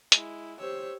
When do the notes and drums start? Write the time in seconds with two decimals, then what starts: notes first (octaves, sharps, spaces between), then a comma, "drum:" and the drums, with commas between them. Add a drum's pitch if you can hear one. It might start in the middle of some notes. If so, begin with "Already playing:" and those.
0.12 G#3 E4, drum: hi-hat
0.59 G4 C5 C#5 E6